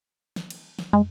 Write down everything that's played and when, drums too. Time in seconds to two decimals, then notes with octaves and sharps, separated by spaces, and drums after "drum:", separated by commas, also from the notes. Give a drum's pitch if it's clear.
0.36 drum: snare
0.50 drum: cymbal
0.79 drum: snare
0.93 G#3, drum: tom